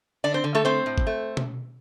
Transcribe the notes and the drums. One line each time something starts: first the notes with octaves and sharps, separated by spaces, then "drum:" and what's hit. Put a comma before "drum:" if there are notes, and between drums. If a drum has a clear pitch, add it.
D3 D4 D5
C4 C5
D3
A3 A4
A3 C4 C5
A2
drum: kick G#1
A3
drum: tom B2